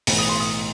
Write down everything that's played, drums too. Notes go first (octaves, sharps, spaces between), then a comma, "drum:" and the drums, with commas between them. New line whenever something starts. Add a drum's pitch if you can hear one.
B1 A2 E3, drum: open hi-hat
D#6
C6
D#6